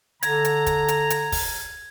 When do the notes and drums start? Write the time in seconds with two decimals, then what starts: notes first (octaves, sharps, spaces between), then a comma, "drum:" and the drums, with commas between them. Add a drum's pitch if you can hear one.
0.23 D3 A#5 G#6, drum: hi-hat
0.45 drum: hi-hat
0.66 drum: kick, hi-hat
0.88 drum: hi-hat
1.10 drum: hi-hat
1.32 drum: kick, open hi-hat